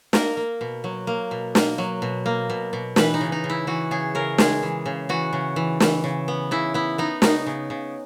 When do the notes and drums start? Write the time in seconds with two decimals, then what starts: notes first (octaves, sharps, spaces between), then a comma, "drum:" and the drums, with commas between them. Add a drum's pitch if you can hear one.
0.13 A#3 A#4, drum: snare
0.37 A#3
0.61 B2
0.84 F#3
1.07 A#3
1.31 B2
1.55 A#3, drum: snare
1.78 F#3
2.02 B2
2.26 A#3
2.50 B2
2.73 B2
2.96 E3 B4, drum: snare
3.14 D#4
3.20 C#3
3.32 D#4
3.44 C#3
3.50 E4
3.67 E3 F#4
3.91 C#3 G#4
4.15 C#3 A#4
4.38 G#3 G#4, drum: snare
4.62 E3
4.86 C#3
5.09 E3 F#4
5.33 C#3
5.56 E3
5.80 E3, drum: snare
6.04 C#3
6.28 B3
6.51 C#3 E4
6.74 B3 E4
6.98 B3 D#4
7.22 C#3 D#4, drum: snare
7.46 C#3
7.70 C#3